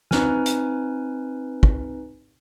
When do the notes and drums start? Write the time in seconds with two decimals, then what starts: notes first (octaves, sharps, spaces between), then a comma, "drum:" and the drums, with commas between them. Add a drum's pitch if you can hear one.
0.11 C4 D#4 B4 G#5 F6, drum: snare
0.46 drum: hi-hat
1.63 drum: kick